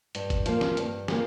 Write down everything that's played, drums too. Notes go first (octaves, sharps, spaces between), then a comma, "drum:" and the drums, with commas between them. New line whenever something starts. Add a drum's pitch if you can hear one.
G2, drum: hi-hat
drum: kick, hi-hat
F3 A#3, drum: hi-hat
drum: snare
G2, drum: hi-hat
F3 A#3, drum: snare